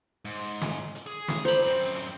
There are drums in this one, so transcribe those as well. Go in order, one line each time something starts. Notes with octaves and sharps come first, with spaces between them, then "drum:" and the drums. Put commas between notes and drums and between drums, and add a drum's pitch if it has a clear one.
G#2
drum: snare
drum: hi-hat
G#4
drum: snare
C5 D5 A#5 B5
F#2 C4
drum: hi-hat